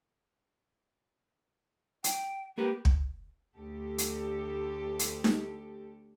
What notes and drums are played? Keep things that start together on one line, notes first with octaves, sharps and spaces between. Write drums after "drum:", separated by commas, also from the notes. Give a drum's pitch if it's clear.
G5, drum: hi-hat
A#3 G4 A#4 B4
drum: kick
D2 G4 A4
drum: hi-hat
drum: hi-hat
drum: snare D#4